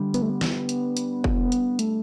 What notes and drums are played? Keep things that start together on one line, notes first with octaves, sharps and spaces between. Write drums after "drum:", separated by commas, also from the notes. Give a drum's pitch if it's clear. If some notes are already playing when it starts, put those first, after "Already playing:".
Already playing: D3 G3
B3, drum: hi-hat
A3
B3
drum: snare
drum: hi-hat
drum: hi-hat
drum: kick
drum: hi-hat
A3, drum: hi-hat